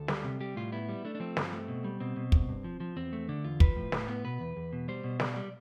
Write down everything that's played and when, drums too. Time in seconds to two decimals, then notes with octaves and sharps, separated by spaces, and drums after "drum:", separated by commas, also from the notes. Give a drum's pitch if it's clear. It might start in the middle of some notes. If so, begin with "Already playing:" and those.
Already playing: D2 A4
0.08 G3, drum: snare
0.24 C3
0.40 G3 G4
0.56 A2 F4
0.72 B3 E4
0.89 G3
1.05 A3 D4
1.15 D4
1.20 F3 C4
1.37 G2, drum: snare
1.53 A3
1.68 B2
1.84 G3
2.00 B2 C4
2.16 B2
2.32 G2, drum: kick
2.49 G2
2.64 F3
2.80 F3
2.97 E2 C4
3.13 A3
3.29 D3 D4
3.44 E2 F4
3.60 F3 B4, drum: kick
3.76 A2
3.92 A2, drum: snare
4.08 B3
4.25 B2 B4
4.40 E2
4.56 E2
4.73 B2
4.88 G3 C5
5.04 B2
5.20 G3 D5, drum: snare
5.36 G3